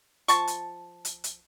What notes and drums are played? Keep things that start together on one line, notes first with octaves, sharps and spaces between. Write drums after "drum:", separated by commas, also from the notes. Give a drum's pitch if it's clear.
F3 A5 C#6, drum: hi-hat
drum: hi-hat
drum: hi-hat
drum: hi-hat